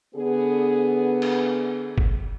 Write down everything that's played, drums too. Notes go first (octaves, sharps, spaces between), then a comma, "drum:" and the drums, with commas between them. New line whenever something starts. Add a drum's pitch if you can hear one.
D3 B3 G#4
drum: cymbal
drum: kick